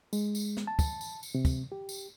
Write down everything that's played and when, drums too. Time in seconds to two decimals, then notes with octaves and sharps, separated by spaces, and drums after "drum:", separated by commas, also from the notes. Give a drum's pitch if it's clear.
0.13 G#3, drum: tambourine
0.35 drum: tambourine
0.57 drum: snare
0.67 A5
0.79 drum: kick, tambourine
1.01 drum: tambourine
1.23 drum: tambourine
1.35 C3
1.45 drum: kick, tambourine
1.72 G4
1.89 drum: tambourine